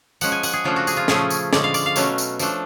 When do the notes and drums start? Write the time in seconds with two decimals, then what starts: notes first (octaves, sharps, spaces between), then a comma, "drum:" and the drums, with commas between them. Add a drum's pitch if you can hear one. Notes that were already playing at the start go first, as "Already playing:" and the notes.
0.21 F3 G#3 C#4 F#5, drum: tambourine
0.32 G#5
0.43 F#5, drum: tambourine
0.53 G#4
0.64 C#3 F3 A3 D4 F4
0.76 F#4
0.87 G#4, drum: tambourine
0.97 F4
1.08 C#3 F3 A3 C#4 G#4, drum: snare
1.30 drum: tambourine
1.53 D3 G#3 C#4 D5, drum: snare
1.64 F5
1.74 D5, drum: tambourine
1.86 F5
1.96 B2 F#3 A3 C#4, drum: tambourine
2.18 drum: tambourine
2.39 F3 A3 D4, drum: tambourine